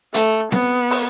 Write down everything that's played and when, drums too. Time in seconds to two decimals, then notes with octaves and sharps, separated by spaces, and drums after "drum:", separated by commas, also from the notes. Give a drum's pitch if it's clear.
0.14 A3, drum: hi-hat
0.52 B3, drum: snare C4
0.90 drum: open hi-hat